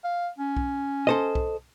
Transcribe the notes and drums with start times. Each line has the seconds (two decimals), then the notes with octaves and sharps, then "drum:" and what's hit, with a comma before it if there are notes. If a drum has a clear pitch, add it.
0.04 F5
0.38 C#4
0.57 drum: kick B1
1.07 A4 C5 D#5
1.35 drum: kick B1